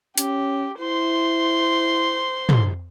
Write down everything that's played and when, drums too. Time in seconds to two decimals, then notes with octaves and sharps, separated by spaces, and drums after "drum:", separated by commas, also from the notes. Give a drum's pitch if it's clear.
0.18 C#4 G4, drum: hi-hat
0.79 E4 C5 C6
2.49 drum: tom